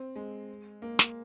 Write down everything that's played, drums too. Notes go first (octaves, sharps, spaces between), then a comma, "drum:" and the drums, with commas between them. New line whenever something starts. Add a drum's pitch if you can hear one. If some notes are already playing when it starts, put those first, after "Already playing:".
Already playing: C4
G#3
A#3
drum: snare